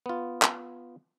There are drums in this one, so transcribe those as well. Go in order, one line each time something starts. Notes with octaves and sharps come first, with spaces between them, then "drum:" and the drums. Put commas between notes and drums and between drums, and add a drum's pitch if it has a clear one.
B3 F4
drum: clap